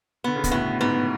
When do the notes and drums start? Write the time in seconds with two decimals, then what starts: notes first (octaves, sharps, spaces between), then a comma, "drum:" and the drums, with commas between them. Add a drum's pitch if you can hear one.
0.24 D3 B3
0.36 C#3
0.44 B2, drum: kick, hi-hat
0.51 A2 B3
0.81 G#2 B3